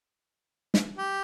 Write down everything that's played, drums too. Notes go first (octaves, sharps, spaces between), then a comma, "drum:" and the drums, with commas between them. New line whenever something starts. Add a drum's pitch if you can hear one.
drum: snare
G4